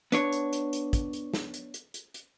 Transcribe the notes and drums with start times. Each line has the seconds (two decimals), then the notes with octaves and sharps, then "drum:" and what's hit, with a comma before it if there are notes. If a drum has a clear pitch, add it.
0.12 B3 D4 C#5, drum: hi-hat
0.32 drum: hi-hat
0.53 drum: hi-hat
0.73 drum: hi-hat
0.93 drum: kick, hi-hat
1.13 drum: hi-hat
1.34 drum: snare
1.54 drum: hi-hat
1.74 drum: hi-hat
1.94 drum: hi-hat
2.14 drum: hi-hat